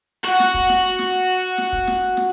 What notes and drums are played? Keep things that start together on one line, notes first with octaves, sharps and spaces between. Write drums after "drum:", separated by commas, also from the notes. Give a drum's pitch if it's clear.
F#4 F#5
drum: snare
drum: kick
drum: snare
drum: snare
drum: snare
drum: kick
drum: snare
drum: snare